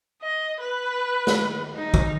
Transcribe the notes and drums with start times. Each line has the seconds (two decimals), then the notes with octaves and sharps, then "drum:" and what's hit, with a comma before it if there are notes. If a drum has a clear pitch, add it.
0.22 D#5
0.60 B4
1.27 drum: snare
1.76 D#4
1.94 drum: kick